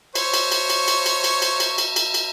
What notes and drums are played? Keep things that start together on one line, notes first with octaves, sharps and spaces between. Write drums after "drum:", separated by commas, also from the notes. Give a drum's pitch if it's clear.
C5 C#5 C#6, drum: cymbal
drum: cymbal
drum: cymbal
drum: cymbal
drum: cymbal
drum: cymbal
drum: cymbal
drum: cymbal
drum: cymbal
drum: cymbal
drum: cymbal
drum: cymbal